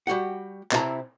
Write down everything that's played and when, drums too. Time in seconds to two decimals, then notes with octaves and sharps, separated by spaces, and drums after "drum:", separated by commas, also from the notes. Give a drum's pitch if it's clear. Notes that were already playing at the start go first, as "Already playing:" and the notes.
0.07 G3 F#4 G4 F#5
0.72 C3 C4 E4 E5 A5 A#5, drum: clap